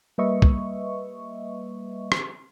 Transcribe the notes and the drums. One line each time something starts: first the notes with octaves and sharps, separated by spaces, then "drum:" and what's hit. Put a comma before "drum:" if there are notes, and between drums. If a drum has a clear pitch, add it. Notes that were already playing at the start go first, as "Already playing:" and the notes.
G3 A#3 B4 D#5 E5 C#6
drum: kick
drum: rim click